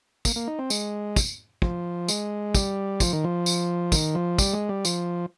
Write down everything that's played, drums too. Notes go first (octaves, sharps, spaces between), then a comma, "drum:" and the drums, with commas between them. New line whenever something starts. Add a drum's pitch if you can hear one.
A#3, drum: kick, tambourine
A#3
D#4
C4
G#3, drum: tambourine
drum: kick, tambourine
F3, drum: kick
G#3, drum: tambourine
G3, drum: kick, tambourine
F3, drum: kick, tambourine
D#3
F3
drum: tambourine
D#3, drum: kick, tambourine
F3
G3, drum: kick, tambourine
G#3
G3
F3, drum: tambourine